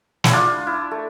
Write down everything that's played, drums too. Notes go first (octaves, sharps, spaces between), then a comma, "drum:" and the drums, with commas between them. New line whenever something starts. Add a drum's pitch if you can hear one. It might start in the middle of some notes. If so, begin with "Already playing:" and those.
E4, drum: snare
D4 F4
E4
A3